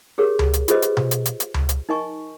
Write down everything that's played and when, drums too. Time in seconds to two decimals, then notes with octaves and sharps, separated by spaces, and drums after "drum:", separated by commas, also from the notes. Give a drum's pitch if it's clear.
0.18 G4 G#4 A#4 C#5
0.39 drum: tom C#2
0.53 drum: hi-hat
0.68 F4 G4 G#4 B4 C5 D#5, drum: hi-hat
0.82 drum: hi-hat
0.97 drum: tom B2
1.11 drum: hi-hat
1.25 drum: hi-hat
1.40 drum: hi-hat
1.54 drum: tom C#2
1.69 drum: hi-hat
1.89 D#4 A#4 D#5 G#5 C#6